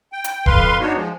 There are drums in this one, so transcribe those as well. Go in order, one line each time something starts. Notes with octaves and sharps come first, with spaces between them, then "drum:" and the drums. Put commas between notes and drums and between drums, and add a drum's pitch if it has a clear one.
G5
drum: hi-hat
F2 B4 F5 C6, drum: kick
B3 D4 D#4 F#4 C#5
F3 G#3